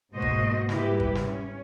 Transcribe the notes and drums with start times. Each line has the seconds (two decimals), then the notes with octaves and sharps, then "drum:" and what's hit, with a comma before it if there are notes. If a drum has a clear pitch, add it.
0.13 G#2 B2 A#3 F#4 C5 D#5
0.22 drum: kick
0.69 G#2 G3 E4 G4 B4, drum: snare
1.00 drum: kick
1.15 drum: snare
1.25 C#4